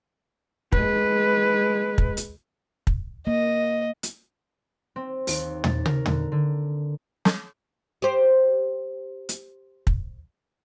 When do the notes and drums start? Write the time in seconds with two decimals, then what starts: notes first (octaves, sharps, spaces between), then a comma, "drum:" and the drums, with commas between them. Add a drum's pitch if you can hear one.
0.72 G#3 B4, drum: kick
1.98 drum: kick
2.17 drum: hi-hat
2.87 drum: kick
3.27 A#3 D#5
4.03 drum: hi-hat
4.96 C4
5.27 D#2, drum: open hi-hat
5.64 A6, drum: tom
5.86 A#4, drum: tom
6.06 D3, drum: tom
6.32 D3
7.25 drum: snare
8.02 G4 C5
9.29 drum: hi-hat
9.87 drum: kick